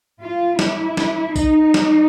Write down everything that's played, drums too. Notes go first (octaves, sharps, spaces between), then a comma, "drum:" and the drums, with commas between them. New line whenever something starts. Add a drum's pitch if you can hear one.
F4
E4, drum: snare
drum: snare
D#4, drum: kick A#1, tambourine
drum: snare